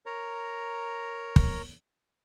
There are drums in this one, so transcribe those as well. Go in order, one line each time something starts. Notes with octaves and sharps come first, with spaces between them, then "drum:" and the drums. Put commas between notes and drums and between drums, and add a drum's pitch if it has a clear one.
A#4 C#5 A#5
drum: kick